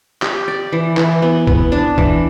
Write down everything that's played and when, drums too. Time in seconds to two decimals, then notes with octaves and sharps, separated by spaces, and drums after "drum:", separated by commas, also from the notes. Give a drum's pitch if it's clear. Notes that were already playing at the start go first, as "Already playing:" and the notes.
0.22 G4, drum: clap
0.48 D5
0.72 E3
0.97 E3, drum: clap
1.22 B3
1.47 B3, drum: kick F1
1.72 D4
1.98 E3, drum: kick F1